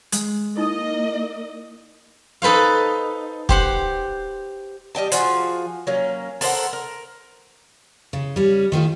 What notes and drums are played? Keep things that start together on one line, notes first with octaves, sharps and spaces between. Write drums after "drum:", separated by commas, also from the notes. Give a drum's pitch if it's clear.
G#3, drum: hi-hat
A#3 D#4 E4 A4 D#5 D#6 A6
D#4 A4 B4 C5 F5
G4 C5 F#5, drum: kick
G3 D#5 G5 A5
F3 F4 F#4 G#4, drum: hi-hat
F#3 A#3 C#4
A4 A#4 C5 F#5, drum: open hi-hat
A#4
C#3
G3 C#4
D#3 F3 A3 F4